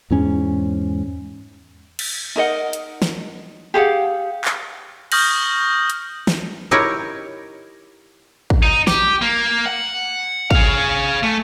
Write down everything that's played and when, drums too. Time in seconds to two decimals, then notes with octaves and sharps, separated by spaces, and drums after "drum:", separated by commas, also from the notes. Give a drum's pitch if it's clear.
0.10 E2 G#2 C#4
1.99 drum: cymbal
2.36 D#4 A#4 D#5 F#5
2.73 drum: hi-hat
3.02 drum: snare
3.74 G4 G#4 F5 F#5
4.45 drum: clap
5.12 C#6 D#6 F6 G6 A#6 F#7, drum: cymbal
5.90 drum: hi-hat
6.27 drum: snare
6.71 D#4 E4 G4 A#4 C#5
8.50 drum: kick
8.63 D#4
8.87 G4, drum: snare
9.21 A#3
9.66 F#5
10.51 G#4 F5, drum: kick
11.23 A3